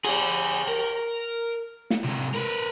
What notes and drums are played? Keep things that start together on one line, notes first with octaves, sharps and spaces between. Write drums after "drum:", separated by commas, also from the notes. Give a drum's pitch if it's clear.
G#4 D5, drum: cymbal
A#4
drum: snare
C3 G#3
A#4 B4